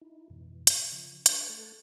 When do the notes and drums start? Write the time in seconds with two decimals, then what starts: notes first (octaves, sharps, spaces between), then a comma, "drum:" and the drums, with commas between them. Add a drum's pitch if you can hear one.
0.01 D#4 E4
0.30 F2 G#2 B2 E3
0.67 drum: hi-hat
0.92 C#3 F3
1.26 D4 B4, drum: hi-hat
1.49 A3 A4 F#6 A6